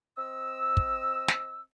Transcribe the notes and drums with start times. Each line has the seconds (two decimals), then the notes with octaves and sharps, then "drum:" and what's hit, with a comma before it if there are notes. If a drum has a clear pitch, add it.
0.17 C4 D#5 E6
0.77 drum: kick
1.28 drum: snare